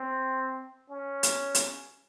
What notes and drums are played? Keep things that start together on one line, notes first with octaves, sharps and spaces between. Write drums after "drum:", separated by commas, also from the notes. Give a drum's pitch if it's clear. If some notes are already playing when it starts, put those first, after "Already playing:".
Already playing: C4
C#4
drum: hi-hat
drum: hi-hat